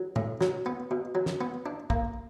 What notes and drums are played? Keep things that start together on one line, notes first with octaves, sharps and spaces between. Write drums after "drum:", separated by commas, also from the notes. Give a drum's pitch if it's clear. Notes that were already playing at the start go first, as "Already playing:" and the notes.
Already playing: F#3
A2, drum: tom
F#3, drum: snare
B3
B2
F#3
drum: snare
B3
D4
A#3, drum: kick